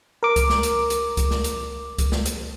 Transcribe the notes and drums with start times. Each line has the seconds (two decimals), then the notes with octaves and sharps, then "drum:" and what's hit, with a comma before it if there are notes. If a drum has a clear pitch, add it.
0.23 A#4 D6
0.36 drum: kick C#2, hi-hat
0.50 drum: snare
0.63 drum: hi-hat
0.90 drum: hi-hat
1.17 drum: kick C#2, hi-hat
1.31 drum: snare
1.44 drum: hi-hat
1.98 drum: kick C#2, hi-hat
2.12 drum: snare
2.26 drum: hi-hat